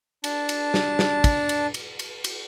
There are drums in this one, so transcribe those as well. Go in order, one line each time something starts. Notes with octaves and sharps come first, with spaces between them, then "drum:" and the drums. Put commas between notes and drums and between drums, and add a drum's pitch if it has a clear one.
D4 A5, drum: cymbal
drum: cymbal
drum: snare
drum: snare
drum: kick, cymbal
drum: cymbal
drum: cymbal
drum: cymbal
drum: cymbal